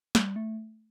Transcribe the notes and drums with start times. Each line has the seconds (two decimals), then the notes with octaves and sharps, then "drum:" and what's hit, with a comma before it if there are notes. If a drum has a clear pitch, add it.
0.15 G3, drum: snare
0.36 A3